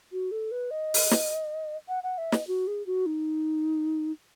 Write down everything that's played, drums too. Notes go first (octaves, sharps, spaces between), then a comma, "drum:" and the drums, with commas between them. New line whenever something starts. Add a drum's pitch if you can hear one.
F#4
A4
B4
D#5
drum: open hi-hat
drum: snare
F#5
F#5
E5
D#5, drum: snare
F#4
G#4
F#4
D#4